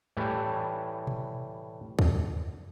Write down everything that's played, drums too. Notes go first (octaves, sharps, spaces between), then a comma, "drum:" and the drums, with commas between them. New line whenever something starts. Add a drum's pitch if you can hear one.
A2 E3 G3 A3
drum: tom B2
drum: kick